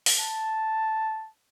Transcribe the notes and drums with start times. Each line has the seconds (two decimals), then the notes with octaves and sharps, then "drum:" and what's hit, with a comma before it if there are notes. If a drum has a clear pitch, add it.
0.06 drum: open hi-hat
0.19 A5